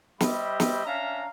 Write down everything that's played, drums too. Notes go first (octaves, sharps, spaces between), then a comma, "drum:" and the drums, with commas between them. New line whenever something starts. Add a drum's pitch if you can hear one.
G3 G4 C5 D#5 E5 B5, drum: snare
drum: snare
C#4 D4 E5 F5 A#5